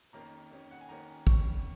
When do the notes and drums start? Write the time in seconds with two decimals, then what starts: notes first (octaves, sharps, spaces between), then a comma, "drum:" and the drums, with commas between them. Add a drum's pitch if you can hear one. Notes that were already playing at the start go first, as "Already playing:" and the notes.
0.13 F2 D#3 A#3 C#4 A#5
0.51 F2 D#3 A#3 C#4
0.71 F#5
0.81 G#5
0.89 F2 D#3 A#3 C#4 A#5
1.27 F2 D#3 A#3 C#4 C#6, drum: kick